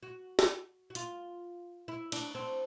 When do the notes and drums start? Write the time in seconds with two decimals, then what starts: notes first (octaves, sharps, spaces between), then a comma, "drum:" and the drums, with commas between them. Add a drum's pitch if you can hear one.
0.03 F#4
0.39 drum: snare
0.90 F#4
0.95 F4, drum: hi-hat
1.88 E4
2.12 D4, drum: cymbal
2.35 C4